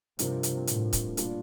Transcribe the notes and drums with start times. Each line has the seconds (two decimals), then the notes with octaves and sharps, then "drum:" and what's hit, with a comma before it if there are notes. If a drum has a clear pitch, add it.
0.19 G2 C3 F3 C4 F4 A#4, drum: hi-hat
0.43 drum: hi-hat
0.67 A2, drum: hi-hat
0.93 drum: kick, hi-hat
1.17 A#2 G3 D4 F4, drum: hi-hat